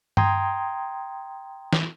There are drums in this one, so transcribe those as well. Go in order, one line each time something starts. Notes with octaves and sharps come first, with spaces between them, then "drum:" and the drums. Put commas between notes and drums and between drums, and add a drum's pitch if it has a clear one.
G5 A#5 C6 D#6 G#6, drum: tom G2
drum: snare